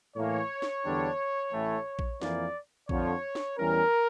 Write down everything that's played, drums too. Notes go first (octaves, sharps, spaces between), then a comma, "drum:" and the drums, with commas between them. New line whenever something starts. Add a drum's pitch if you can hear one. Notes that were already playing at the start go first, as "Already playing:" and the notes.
A2 E3 A#3 C#5
drum: snare
E2 D3 G3 D4
A1 A2 E3 A3
drum: kick A#1
F2 E3 A#3 D5, drum: snare
F2 D3 F3 C#5, drum: kick A#1
drum: snare
E2 E3 G3 C#4 A#4